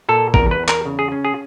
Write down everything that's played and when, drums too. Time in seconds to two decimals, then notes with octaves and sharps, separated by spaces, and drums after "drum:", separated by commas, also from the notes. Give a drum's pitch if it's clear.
0.09 A#2 A4
0.34 E2 A#4, drum: kick
0.51 B4
0.59 E2
0.68 A#4, drum: clap
0.86 C#3
0.99 G#4
1.12 C#4
1.25 G#4